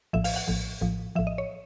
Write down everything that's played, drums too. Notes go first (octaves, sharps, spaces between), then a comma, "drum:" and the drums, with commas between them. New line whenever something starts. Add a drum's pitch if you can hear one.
A#1 A2 F3 E5
F5, drum: open hi-hat
F#5
A#1 A2 F3
A#1 A2 F3
A#1 A2 F3 E5
D#5
C#5